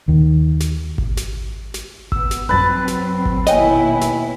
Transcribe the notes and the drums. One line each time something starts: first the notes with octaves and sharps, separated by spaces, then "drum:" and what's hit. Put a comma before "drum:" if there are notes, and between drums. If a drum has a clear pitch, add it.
D#2 D#3
drum: snare
drum: kick G#1
drum: snare
drum: snare
B3 E6, drum: kick G#1
drum: snare
C2 F#2 F#3 C4 B4 A5
drum: snare
drum: kick G#1
D#2 B2 E4 C#5 D#5 G5 G#5, drum: snare
drum: snare